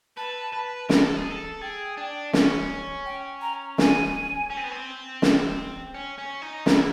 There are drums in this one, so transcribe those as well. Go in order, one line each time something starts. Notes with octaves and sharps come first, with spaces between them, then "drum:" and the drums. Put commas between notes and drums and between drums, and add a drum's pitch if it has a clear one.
B4 A5
B4
A#4, drum: snare
A4
G#4
A4
G#4 G5
D4
C#4, drum: snare
G5
A#5
G#5, drum: snare
C#4
C4
B3
C4
drum: snare
C#4
C#4
D#4
E4 A#5, drum: snare